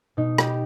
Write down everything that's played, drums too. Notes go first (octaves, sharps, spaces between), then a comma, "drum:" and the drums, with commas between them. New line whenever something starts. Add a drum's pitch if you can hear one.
B2 D#4
G4, drum: rim click